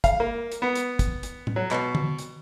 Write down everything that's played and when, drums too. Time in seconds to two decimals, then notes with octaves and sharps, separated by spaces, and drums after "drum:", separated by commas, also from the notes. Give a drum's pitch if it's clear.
0.04 F5, drum: kick, hi-hat
0.20 A#3
0.52 drum: hi-hat
0.62 B3
0.75 drum: hi-hat
0.99 drum: kick, hi-hat
1.23 drum: hi-hat
1.47 drum: tom A2
1.56 F#3
1.71 B2, drum: clap
1.95 drum: tom D3
2.19 drum: hi-hat